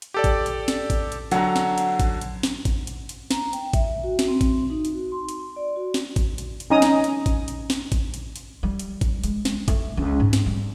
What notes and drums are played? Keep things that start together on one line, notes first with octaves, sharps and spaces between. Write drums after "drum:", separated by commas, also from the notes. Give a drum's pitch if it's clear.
drum: hi-hat
G4 A4 D5
drum: kick G#1, hi-hat
drum: hi-hat
drum: snare
drum: kick G#1, hi-hat
drum: hi-hat
D3 F#3 F#5 A#5, drum: hi-hat
drum: snare
drum: hi-hat
drum: kick G#1, hi-hat
drum: hi-hat
drum: snare
drum: kick G#1, hi-hat
drum: hi-hat
drum: hi-hat
A#5, drum: snare
G5, drum: hi-hat
E5, drum: kick G#1, hi-hat
F#4
drum: snare
C4
drum: kick G#1, hi-hat
D#4
drum: hi-hat
F#4
C6
drum: hi-hat
D5
F#4
drum: snare
drum: kick G#1, hi-hat
drum: hi-hat
drum: hi-hat
C#4 D#4 D#5 G#5 A#5 D#6
drum: snare
drum: hi-hat
drum: kick G#1, hi-hat
drum: hi-hat
drum: snare
drum: kick G#1, hi-hat
drum: hi-hat
drum: hi-hat
G3
drum: hi-hat
drum: kick G#1, hi-hat
G#3, drum: hi-hat
drum: snare
A3, drum: kick G#1, hi-hat
C#2
G#2
drum: snare
G3